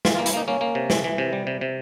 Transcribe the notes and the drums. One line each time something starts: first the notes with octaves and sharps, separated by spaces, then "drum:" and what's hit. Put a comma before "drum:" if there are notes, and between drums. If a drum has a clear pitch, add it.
E3 F4, drum: snare
F4
A#3
E4, drum: hi-hat
A#3 D#4
A#3 C#4
A#3
C3
E3, drum: snare
E3
C3
G3
C3
C3